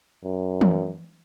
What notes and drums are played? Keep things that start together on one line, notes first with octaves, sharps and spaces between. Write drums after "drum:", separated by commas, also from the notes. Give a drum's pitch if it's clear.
F#2
drum: tom E3